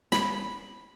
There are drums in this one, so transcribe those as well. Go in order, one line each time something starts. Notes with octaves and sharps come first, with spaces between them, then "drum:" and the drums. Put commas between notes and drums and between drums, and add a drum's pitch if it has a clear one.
B5, drum: snare